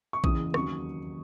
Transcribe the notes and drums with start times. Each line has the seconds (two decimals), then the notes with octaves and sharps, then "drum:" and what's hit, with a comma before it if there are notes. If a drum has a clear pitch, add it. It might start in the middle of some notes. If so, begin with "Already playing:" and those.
0.13 C#6
0.24 F#1 E2 C#3 E3 D#6, drum: kick A#1
0.54 D#2 C#3 F#3 C#6, drum: rim click